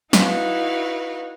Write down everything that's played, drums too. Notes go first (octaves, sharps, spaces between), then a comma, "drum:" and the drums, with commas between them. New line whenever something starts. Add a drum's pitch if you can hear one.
D#4 E4 F#4 B4 F5, drum: snare